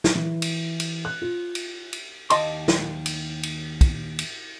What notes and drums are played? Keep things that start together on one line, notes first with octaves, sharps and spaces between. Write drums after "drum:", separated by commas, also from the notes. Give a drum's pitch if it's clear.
drum: snare
E3
drum: cymbal
drum: cymbal
F#6
F4
drum: cymbal
drum: cymbal
D#2 D#5 A5 C6, drum: cymbal
drum: snare
drum: cymbal
drum: cymbal
drum: kick, cymbal
drum: cymbal